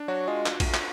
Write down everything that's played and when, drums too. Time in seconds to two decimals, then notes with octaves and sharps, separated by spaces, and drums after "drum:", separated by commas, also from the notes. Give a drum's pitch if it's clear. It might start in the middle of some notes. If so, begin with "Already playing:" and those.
Already playing: D4
0.08 F#3 F#4
0.28 G#3 F4
0.46 drum: clap
0.60 drum: kick A#1, cymbal
0.74 drum: clap